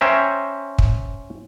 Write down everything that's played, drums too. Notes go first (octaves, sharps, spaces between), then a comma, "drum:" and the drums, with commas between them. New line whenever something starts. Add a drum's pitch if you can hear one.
C#4 C5 E5 G5 A#5
drum: kick